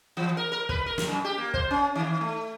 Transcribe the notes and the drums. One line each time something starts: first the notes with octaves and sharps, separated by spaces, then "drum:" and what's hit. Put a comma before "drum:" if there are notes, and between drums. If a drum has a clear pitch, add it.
E3
A#4
A#4
B4, drum: kick
A#4
drum: snare
F#2
G4
A#3
C5, drum: kick
C#4
D#3
A3